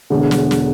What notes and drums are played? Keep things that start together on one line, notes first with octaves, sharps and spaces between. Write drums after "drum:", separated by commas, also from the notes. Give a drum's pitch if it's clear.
E1 E2 D3
drum: snare
drum: snare